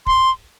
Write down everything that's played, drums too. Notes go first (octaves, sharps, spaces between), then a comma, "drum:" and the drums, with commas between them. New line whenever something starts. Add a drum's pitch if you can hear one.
C6, drum: kick